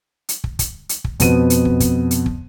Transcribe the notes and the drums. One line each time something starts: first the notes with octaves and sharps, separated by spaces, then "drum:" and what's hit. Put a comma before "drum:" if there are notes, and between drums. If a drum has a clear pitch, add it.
drum: hi-hat
drum: kick
drum: kick, hi-hat
drum: hi-hat
drum: kick
F2 B2 B3 D#7, drum: kick, hi-hat
drum: hi-hat
drum: kick
drum: kick, hi-hat
drum: hi-hat
drum: kick